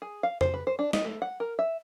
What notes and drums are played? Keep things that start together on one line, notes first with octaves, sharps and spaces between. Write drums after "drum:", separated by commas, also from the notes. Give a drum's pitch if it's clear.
G#4
F5
C5, drum: tom
B4
C5
D4
D#5, drum: snare
A3
F#5
A#4
E5